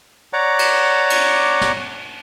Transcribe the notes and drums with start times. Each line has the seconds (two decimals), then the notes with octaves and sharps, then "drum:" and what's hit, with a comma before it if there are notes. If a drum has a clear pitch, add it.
0.33 C#5 D5 F#5 A#5 D6
0.59 drum: cymbal
1.10 drum: cymbal
1.61 drum: snare